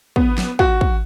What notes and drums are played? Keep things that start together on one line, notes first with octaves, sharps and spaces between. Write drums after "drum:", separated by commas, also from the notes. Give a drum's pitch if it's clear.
B3, drum: kick
drum: snare
F#4, drum: kick
drum: kick